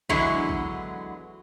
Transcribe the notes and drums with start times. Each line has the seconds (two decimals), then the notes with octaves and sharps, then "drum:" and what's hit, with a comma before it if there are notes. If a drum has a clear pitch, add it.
0.09 D3 E3 F#3 G#3 B3 E4, drum: kick
0.49 drum: kick